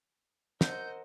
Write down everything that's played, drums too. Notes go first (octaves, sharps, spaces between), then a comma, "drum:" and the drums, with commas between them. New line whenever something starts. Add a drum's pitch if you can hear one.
A#4 C5 D#5 F#5 E6 G6, drum: snare